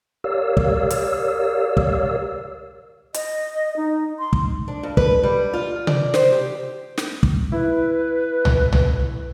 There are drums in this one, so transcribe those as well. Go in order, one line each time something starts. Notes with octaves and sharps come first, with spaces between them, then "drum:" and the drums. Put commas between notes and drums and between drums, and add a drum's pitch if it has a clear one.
G4 A#4 C#5 D5 F5 E6
drum: kick
drum: hi-hat
drum: kick
D#5, drum: hi-hat
D#4
C6
drum: kick
D4
G2
B4, drum: kick
G3
F4
D5, drum: tom C3
C5, drum: snare
G4
drum: snare
drum: kick
E4 B4
drum: tom C2
drum: tom C2